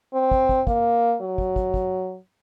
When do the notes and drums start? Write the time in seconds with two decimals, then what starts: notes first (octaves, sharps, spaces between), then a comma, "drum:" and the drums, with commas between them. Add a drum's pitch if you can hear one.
0.13 C4
0.31 drum: kick
0.49 drum: kick
0.67 A#3, drum: kick
1.21 F#3
1.38 drum: kick
1.56 drum: kick
1.74 drum: kick